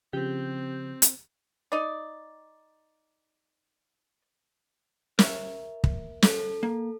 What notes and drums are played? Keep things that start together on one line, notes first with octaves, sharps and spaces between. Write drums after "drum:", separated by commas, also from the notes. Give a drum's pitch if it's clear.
C#3 F3 C4 G4 G6
drum: hi-hat
D#4 D5
A#4 C#5 E5, drum: snare
drum: kick
A4, drum: snare
A#3